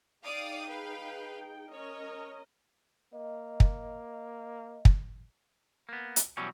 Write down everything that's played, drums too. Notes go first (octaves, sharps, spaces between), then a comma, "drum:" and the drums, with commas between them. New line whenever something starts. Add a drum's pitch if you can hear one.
D#4 G#4 D5 F5 G5 D#6
B4 F5
C#4 A#4 C#5 D#5
A#3 D#5
drum: kick
drum: kick
A#3 B3
drum: hi-hat
B2 E3 F#3 G3 C#4